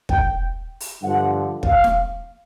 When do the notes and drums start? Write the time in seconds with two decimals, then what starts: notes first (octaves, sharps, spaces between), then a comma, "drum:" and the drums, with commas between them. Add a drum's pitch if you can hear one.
0.09 G5, drum: kick
0.80 drum: open hi-hat
1.01 G2 D3 F3 F#5
1.63 F5, drum: kick
1.84 drum: snare